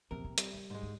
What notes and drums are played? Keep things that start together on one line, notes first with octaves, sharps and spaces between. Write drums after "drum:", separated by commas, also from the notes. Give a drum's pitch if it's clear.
A#1 E2 C3 F3 A#4
C4
G3, drum: hi-hat
E4
G#2 G#3
G2